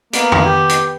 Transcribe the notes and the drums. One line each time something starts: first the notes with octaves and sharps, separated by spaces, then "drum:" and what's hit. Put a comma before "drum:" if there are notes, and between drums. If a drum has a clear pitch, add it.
A#3 B3, drum: hi-hat
drum: tom
G4
drum: hi-hat